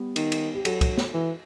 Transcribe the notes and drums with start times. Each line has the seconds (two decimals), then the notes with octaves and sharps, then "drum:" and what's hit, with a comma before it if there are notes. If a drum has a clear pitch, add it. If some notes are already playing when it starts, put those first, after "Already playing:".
Already playing: G3 B3
0.16 D#3, drum: cymbal
0.32 drum: cymbal
0.55 G4
0.65 F#3 F#4 A4, drum: cymbal
0.81 drum: kick, cymbal
0.98 drum: snare
1.14 E3